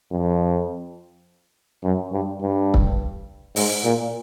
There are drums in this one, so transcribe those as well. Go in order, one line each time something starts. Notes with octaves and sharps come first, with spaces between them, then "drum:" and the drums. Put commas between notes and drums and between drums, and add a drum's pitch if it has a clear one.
F2
F#2
G2
G2
drum: kick
G#2, drum: open hi-hat
A#2